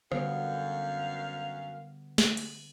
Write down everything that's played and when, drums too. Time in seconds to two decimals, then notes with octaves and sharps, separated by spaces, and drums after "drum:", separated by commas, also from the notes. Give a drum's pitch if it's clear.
0.12 F#2 D3 G3 B3 F5, drum: rim click
2.18 drum: snare
2.37 drum: cymbal